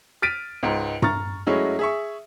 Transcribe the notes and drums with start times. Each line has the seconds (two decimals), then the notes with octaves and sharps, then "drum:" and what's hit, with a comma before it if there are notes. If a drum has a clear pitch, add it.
0.22 F6 A6 B6 D7 D#7
0.63 C#2 G#2
1.02 A#5 C#6 F6 A6, drum: tom G2
1.47 F#3 G#3 A3 C#4 E4
1.79 G#4 E5 C#6